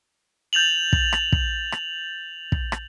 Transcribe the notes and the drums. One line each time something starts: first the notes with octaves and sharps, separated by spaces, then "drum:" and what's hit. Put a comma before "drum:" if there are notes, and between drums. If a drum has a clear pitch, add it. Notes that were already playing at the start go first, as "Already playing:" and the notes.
G6 A6 F7 F#7
drum: kick
drum: rim click
drum: kick
drum: rim click
drum: kick
drum: rim click